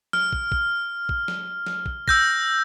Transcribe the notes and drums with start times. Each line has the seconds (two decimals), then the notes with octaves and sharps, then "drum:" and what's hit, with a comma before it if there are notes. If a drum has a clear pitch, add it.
0.13 F6, drum: snare
0.32 drum: kick
0.52 drum: kick
1.09 drum: kick
1.28 drum: snare
1.66 drum: snare
1.86 drum: kick
2.08 E6 G6 A#6, drum: kick